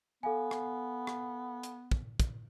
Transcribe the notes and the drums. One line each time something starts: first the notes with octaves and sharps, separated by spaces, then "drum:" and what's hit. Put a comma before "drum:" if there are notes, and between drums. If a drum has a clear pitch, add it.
B3 A4 F5 G#5
drum: rim click
drum: rim click
drum: hi-hat
drum: kick
drum: kick, hi-hat